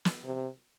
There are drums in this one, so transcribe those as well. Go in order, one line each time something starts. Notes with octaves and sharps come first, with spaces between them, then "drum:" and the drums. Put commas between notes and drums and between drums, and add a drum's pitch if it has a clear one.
drum: snare
C3